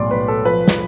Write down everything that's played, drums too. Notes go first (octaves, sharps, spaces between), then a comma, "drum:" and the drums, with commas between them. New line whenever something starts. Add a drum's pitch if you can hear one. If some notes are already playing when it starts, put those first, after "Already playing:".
Already playing: B1 A2 G#3 D5 C6
B1 B4
A4
F3 B4
drum: snare